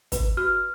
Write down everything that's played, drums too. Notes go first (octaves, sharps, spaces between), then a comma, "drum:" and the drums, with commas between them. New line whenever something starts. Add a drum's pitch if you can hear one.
B4, drum: kick, hi-hat
F#4 F6